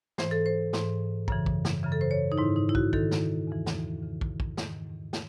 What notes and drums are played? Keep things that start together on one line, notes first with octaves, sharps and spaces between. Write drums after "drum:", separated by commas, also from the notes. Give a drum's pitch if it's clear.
G#2 E3 C5, drum: snare
A4
C5
G#2 E3, drum: snare
F#2 C#3 E3, drum: kick
drum: kick
drum: snare
F#2 C#3 E3
A4
C5
C#5
D#4
G#2 D#3 E4
D#4
E4
F#4, drum: kick
G#2 D#3 A4, drum: kick
drum: snare
E2 C#3 E3
drum: snare
E2 C#3 E3
drum: kick
drum: kick
G#2 D#3, drum: snare
drum: snare